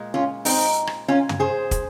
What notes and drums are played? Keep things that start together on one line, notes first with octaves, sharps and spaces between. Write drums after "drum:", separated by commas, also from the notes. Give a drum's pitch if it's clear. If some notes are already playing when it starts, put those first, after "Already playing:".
Already playing: A#2 G#3
C#4 F4
C4 D#4, drum: open hi-hat
drum: rim click
C#4 F4
drum: tom
G#4 C5
drum: kick, hi-hat